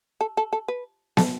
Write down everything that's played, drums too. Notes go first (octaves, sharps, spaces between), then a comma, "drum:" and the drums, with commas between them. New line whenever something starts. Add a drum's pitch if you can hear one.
A4
A4
A4
B4
A4, drum: snare